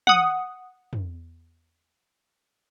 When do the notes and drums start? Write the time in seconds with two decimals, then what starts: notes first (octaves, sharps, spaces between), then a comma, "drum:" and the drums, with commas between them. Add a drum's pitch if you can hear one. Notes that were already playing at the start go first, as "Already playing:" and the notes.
0.07 F#5 D#6, drum: tom
0.93 drum: tom